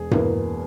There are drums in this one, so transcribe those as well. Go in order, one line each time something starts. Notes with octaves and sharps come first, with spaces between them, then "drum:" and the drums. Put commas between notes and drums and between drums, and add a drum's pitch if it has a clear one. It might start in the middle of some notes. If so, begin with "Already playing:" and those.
Already playing: E1 G#4
E2 B2 A#3, drum: tom G2